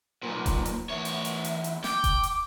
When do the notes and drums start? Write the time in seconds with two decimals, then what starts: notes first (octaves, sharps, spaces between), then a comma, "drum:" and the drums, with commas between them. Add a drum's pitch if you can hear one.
0.23 B1 A#2
0.46 drum: kick E1, hi-hat
0.66 drum: hi-hat
0.89 E2 C#5 E5
1.05 drum: hi-hat
1.25 drum: hi-hat
1.44 drum: hi-hat
1.64 drum: hi-hat
1.84 G5 D6, drum: snare
2.04 drum: kick E1, hi-hat
2.23 drum: hi-hat